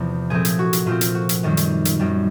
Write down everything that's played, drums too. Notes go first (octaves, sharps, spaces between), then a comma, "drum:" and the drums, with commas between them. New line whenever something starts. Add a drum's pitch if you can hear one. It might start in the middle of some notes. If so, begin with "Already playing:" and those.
Already playing: E2 C3 F3
A#2 F3 A3 C4 G#4
drum: hi-hat
F#4
drum: hi-hat
A#2 F3 A3 C4 F4
drum: hi-hat
F#4
drum: hi-hat
F#2 D#3 G3 A#3
drum: hi-hat
drum: hi-hat
F#2 D#3 G3 A#3